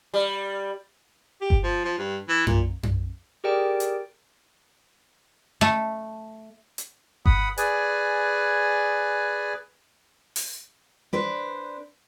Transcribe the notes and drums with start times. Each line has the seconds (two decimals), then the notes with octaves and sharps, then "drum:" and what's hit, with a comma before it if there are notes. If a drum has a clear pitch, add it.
0.14 G3
1.41 G4
1.50 drum: kick G1
1.63 F3
1.85 F3
1.98 G2
2.28 E3
2.47 A#2, drum: tom F#2
2.83 drum: tom F#2
3.44 G4 G#4 A#4 D5 G5 D7
3.80 drum: hi-hat
5.61 A3
6.78 drum: hi-hat
7.26 F#5 B5 D#6, drum: kick G1
7.58 G#4 B4 D5 G#5, drum: hi-hat
10.36 drum: open hi-hat
11.13 D4 B4 C5